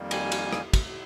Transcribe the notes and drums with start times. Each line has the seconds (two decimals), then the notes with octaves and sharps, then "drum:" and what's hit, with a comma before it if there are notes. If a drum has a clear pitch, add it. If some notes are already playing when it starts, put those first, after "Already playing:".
Already playing: F2 D#3 G3 A#3
0.11 G#5, drum: cymbal
0.32 drum: cymbal
0.53 drum: rim click
0.73 drum: kick, cymbal